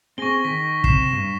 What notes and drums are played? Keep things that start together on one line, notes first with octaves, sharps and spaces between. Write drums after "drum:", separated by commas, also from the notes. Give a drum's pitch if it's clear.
C4 G#4 C#6 A#6 G7
D#3 B6
C3 C7 E7, drum: kick
G2